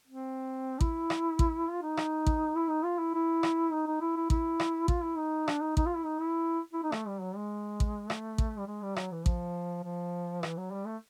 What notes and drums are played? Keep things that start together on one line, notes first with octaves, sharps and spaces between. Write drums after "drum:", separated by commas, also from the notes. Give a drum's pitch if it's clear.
C4
E4, drum: kick A1
drum: rim click
drum: kick A1
F4
D#4
drum: rim click
drum: kick A1
E4
D#4
F4
E4
E4
drum: rim click
D#4
D#4
E4
E4
E4, drum: kick A1
drum: rim click
F4, drum: kick A1
E4
D#4
D4, drum: rim click
D#4
D#4, drum: kick A1
F4
E4
D#4
E4
E4
D#4
A3, drum: rim click
G3
F#3
G#3
drum: kick A1
A3, drum: rim click
drum: kick A1
G3
G#3
G3
F#3, drum: rim click
E3
F3, drum: kick A1
F3
E3, drum: rim click
F#3
G3
A3